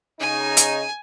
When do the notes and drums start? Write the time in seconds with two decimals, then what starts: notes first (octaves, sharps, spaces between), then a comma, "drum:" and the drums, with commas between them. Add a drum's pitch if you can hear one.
0.20 C#3 D#4 G#5
0.57 drum: hi-hat